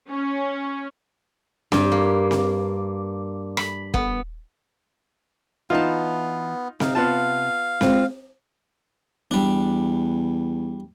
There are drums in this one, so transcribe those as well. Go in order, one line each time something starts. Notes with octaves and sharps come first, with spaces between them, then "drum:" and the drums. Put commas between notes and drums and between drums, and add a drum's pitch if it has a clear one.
C#4
G2, drum: snare C4
A#3
drum: snare C4
B5, drum: rim click
B3, drum: kick
E3 B3 D#4 F4 A5
C3 D#4 F5, drum: snare C4
B3 F4 F5 A5
G#3 C4 F4, drum: snare C4
E2 G3 D4